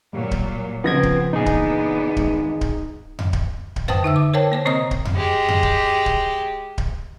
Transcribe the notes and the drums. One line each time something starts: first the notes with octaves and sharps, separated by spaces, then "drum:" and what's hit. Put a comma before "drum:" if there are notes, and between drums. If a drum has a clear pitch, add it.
A#2 F#3 G3 A#3
drum: kick D1
C#2 F3 B3 C4 G#6 A#6
drum: kick D1
A#2 E3 B3 D4 D#4 G#4
drum: kick D1
G#1 G#3, drum: kick D1
drum: kick D1
drum: tom F2
drum: kick D1
drum: kick D1
B4 C5 G5 A5 D#6, drum: tom F2
D3 D#4 E5 E6
D6
A#4 C5 C#5 G5 A5
A#3 C5 C#5
C3 C4 C5 D#5 A#5 D#6
drum: kick D1
drum: tom F2
G#3 G4
drum: tom F2
drum: kick D1
drum: kick D1
drum: kick D1